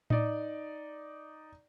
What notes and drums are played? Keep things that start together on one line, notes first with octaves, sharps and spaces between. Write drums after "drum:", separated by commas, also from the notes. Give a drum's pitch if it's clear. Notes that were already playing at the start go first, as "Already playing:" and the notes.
D#4 D5, drum: tom A2